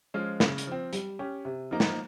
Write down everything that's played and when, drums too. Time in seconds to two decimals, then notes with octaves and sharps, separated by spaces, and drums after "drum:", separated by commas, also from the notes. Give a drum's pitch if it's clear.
0.14 F3 G#3 C#4 F4
0.40 C#3, drum: snare
0.58 drum: hi-hat
0.67 F3 C4
0.93 G3, drum: hi-hat
1.19 C#4 G4
1.45 C3
1.71 F3 A#3 D#4
1.80 drum: snare